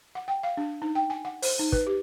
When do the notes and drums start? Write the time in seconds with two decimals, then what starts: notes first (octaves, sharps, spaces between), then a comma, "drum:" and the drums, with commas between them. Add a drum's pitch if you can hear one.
0.15 F#5
0.28 G5
0.43 F5
0.57 D4
0.82 D#4
0.95 G5
1.10 G#5
1.25 F#5
1.42 C5, drum: open hi-hat
1.59 D#4
1.72 B4, drum: kick
1.87 G4